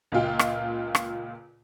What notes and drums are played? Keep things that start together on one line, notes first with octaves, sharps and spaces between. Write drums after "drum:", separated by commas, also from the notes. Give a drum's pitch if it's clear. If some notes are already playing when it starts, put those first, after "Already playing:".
C#2 A#2 F4 G5
drum: rim click
drum: rim click